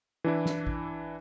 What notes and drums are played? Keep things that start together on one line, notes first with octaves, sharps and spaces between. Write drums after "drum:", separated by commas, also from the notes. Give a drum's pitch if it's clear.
E3 D4 E4
drum: snare
drum: kick